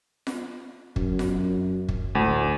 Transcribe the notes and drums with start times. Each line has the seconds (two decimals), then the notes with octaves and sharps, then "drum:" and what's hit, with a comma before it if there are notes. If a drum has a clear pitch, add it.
0.27 drum: snare F4
0.96 F#2, drum: kick
1.19 drum: snare F4
1.89 drum: kick
2.15 D2 A2